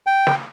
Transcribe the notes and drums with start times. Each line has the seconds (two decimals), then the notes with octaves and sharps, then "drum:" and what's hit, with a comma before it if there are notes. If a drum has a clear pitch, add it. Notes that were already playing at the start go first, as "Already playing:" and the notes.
0.07 G5
0.27 drum: snare